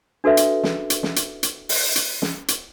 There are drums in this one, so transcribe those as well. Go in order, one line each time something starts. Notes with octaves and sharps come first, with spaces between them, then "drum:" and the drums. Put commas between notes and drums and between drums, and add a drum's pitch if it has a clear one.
D4 F#4 A4 B4 E5
drum: hi-hat
drum: snare
drum: hi-hat
drum: snare
drum: hi-hat
drum: hi-hat
drum: open hi-hat
drum: hi-hat
drum: snare
drum: hi-hat